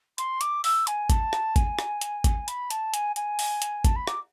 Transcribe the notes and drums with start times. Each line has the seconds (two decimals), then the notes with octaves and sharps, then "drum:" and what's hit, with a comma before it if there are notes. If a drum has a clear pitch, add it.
0.18 C6, drum: hi-hat
0.41 D6, drum: hi-hat
0.64 E6, drum: open hi-hat
0.87 G#5, drum: hi-hat
1.10 A5, drum: kick G#1, hi-hat
1.33 drum: rim click
1.56 G#5, drum: kick G#1, hi-hat
1.79 drum: rim click
2.01 drum: hi-hat
2.24 drum: kick G#1, hi-hat
2.48 B5, drum: hi-hat
2.71 A5, drum: hi-hat
2.94 G#5, drum: hi-hat
3.16 G#5, drum: hi-hat
3.39 drum: open hi-hat
3.62 drum: hi-hat
3.85 A5, drum: kick G#1, hi-hat
3.96 B5
4.07 D6, drum: rim click